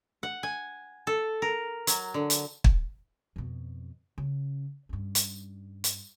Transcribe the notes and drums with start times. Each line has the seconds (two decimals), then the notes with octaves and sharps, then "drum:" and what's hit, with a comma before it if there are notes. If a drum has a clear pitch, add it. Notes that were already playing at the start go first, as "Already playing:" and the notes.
0.23 F#5
0.43 G#5
1.07 A4
1.42 A#4
1.87 F#3, drum: hi-hat
2.14 D3
2.30 drum: hi-hat
2.64 drum: kick
3.36 F2 B2
4.18 C#3
4.89 G2 C#4
5.15 drum: hi-hat
5.84 drum: hi-hat